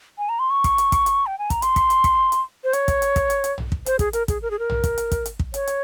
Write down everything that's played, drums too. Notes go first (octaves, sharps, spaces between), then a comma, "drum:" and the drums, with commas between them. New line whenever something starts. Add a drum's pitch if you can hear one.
G#5
A#5
C6
C#6
drum: kick, hi-hat
drum: hi-hat
drum: kick, hi-hat
drum: hi-hat
G5
G#5
A#5, drum: kick, hi-hat
C6, drum: hi-hat
drum: kick, hi-hat
drum: hi-hat
drum: kick, hi-hat
drum: hi-hat
C5
C#5, drum: hi-hat
drum: kick, hi-hat
drum: hi-hat
drum: kick, hi-hat
drum: hi-hat
drum: hi-hat
drum: tom A#1
drum: kick
C5, drum: hi-hat
G#4, drum: kick, hi-hat
A#4, drum: hi-hat
G#4, drum: kick, hi-hat
A#4
G#4
A#4
drum: tom A#1
drum: kick, hi-hat
drum: hi-hat
drum: kick, hi-hat
drum: hi-hat
drum: kick
C#5, drum: hi-hat
drum: hi-hat